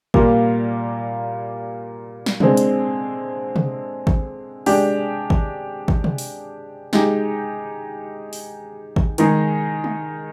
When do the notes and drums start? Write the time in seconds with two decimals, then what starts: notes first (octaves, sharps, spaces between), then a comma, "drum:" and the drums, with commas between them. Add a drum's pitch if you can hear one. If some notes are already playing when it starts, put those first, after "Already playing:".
0.14 A#2 G3 A#3 F4, drum: kick G#1
2.26 drum: snare
2.40 D3 G#3 C4, drum: tom C3
2.57 drum: hi-hat
3.56 drum: tom C3
4.07 drum: kick G#1
4.66 G#3 D4 G4, drum: open hi-hat
5.30 drum: kick G#1
5.88 drum: kick G#1
6.04 drum: tom C3
6.18 drum: open hi-hat
6.93 G#3 D#4 G4, drum: snare
8.33 drum: open hi-hat
8.96 drum: kick G#1
9.18 D#3 G#3 D#4 G#4, drum: hi-hat
9.84 drum: tom G#3